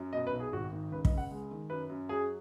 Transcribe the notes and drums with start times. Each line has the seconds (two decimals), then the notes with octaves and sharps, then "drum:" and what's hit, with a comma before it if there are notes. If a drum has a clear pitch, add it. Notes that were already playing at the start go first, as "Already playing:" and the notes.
Already playing: F#2
0.13 B2 D#5
0.27 B4
0.33 B1
0.40 G#4
0.53 G#1 F#4
0.72 D#3
0.92 C#2 B4
1.05 D#5, drum: kick
1.12 C#2
1.18 F#5
1.31 G#3
1.51 D#3
1.70 F#2 B4
1.89 F#2
2.09 F#3 G#4